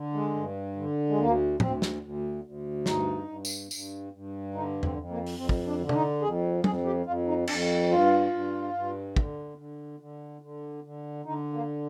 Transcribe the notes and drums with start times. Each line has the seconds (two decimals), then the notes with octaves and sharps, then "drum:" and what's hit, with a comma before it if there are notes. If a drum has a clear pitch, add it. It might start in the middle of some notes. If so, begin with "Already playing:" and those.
Already playing: D3
0.14 G#3
0.35 G2
0.76 D3
1.09 G#3
1.18 D2 A#3
1.60 D2 C4, drum: tom
1.82 drum: snare
2.02 D2
2.44 D2
2.86 G2 D#4, drum: snare
3.28 G2
3.45 drum: tambourine
3.71 G2, drum: tambourine
4.13 G2
4.54 D3 D#4
4.83 C4, drum: tom E2
4.96 F2
5.10 A#3
5.26 drum: open hi-hat
5.38 F2 C4
5.49 drum: kick
5.66 D4
5.80 D3
5.89 D4, drum: tom
5.94 D#4
6.22 F2 G#4
6.64 F2 G#4, drum: tom
6.85 G4
7.06 F2 F4
7.28 D#4
7.47 F2 D4, drum: cymbal
7.89 G2 F4
8.31 G2
8.73 G2
9.16 D3, drum: kick
9.58 D3
10.00 D3
10.41 D3
10.84 D3
11.25 D3 D#4
11.53 A#3